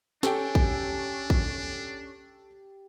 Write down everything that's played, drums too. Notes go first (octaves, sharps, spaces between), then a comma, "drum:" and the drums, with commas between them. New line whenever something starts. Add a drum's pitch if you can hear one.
C#4 D4 G4 A4 G5, drum: snare
drum: kick A1
drum: kick A1